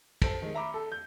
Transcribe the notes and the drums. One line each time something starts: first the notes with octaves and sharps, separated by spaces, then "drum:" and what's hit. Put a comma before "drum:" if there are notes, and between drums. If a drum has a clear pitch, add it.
A4 C5 A5, drum: kick, cymbal
D#3 G#3
E5 A#5 B5 D6
A4
G6